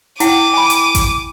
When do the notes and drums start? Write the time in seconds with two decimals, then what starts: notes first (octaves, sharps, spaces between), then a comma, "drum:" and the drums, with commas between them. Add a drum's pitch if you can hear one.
0.20 E4 F#5 G5 D6 D#7, drum: hi-hat
0.54 G#5 B5
0.70 drum: hi-hat
0.95 drum: kick A1, hi-hat